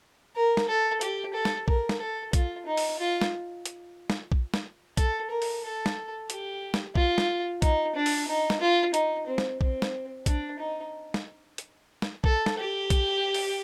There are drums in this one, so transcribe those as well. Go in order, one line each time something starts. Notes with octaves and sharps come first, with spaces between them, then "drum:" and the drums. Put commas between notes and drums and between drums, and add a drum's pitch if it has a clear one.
A#4
drum: snare
A4
G4, drum: hi-hat
A4
drum: snare
A#4, drum: kick A#1
drum: snare
A4
F4, drum: kick A#1, hi-hat
D#4
drum: open hi-hat
F4
drum: snare
drum: hi-hat
drum: snare
drum: kick A#1
drum: snare
A4, drum: kick A#1, hi-hat
A#4
drum: open hi-hat
A4
drum: snare
G4, drum: hi-hat
drum: snare
F4, drum: kick A#1
drum: snare
D#4, drum: kick A#1, hi-hat
D4
drum: open hi-hat
D#4
drum: snare
F4
D#4, drum: hi-hat
C4
drum: snare
C4, drum: kick A#1
drum: snare
D4, drum: kick A#1, hi-hat
D#4
drum: snare
drum: hi-hat
drum: snare
A4, drum: kick A#1
drum: snare
G4
drum: kick A#1, hi-hat
drum: open hi-hat